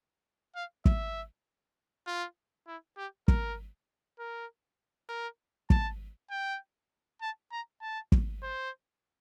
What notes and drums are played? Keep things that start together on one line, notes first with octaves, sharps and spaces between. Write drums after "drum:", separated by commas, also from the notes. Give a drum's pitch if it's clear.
F5
E5, drum: kick
F4
E4
G4
A#4, drum: kick
A#4
A#4
A5, drum: kick
G5
A5
A#5
A5
drum: kick
C5